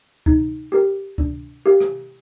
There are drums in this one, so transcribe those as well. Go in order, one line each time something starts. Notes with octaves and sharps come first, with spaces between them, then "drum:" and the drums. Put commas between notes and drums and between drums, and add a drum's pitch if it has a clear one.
D#4, drum: kick C#2
G4 A#4
D4, drum: kick C#2
G4 A#4 F5
drum: rim click